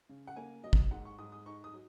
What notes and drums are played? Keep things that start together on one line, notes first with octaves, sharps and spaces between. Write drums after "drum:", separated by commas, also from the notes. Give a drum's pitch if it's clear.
C#3
F#5
A#3 G#5
F#3 D#5
drum: kick
G#2 F#5
C#6
G#2 D#6
D#6
D#4 C#6
D#6
F#3